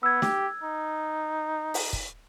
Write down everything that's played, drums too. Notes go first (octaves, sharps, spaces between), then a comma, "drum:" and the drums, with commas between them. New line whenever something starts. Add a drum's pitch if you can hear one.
B3 E6 G#6
G4, drum: snare
D#4
drum: open hi-hat
drum: kick